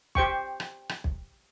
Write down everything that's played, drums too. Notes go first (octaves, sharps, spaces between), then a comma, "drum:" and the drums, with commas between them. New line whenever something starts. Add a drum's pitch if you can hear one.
G4 C5 G5 C#6, drum: kick B1
drum: rim click
drum: rim click
drum: kick B1